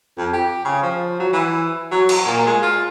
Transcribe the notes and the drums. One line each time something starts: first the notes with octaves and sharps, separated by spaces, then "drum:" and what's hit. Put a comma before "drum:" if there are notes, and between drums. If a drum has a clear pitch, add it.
F2
G4
C#3
F3
F#3
E3
F#3
drum: cymbal
A#2
G#3
F4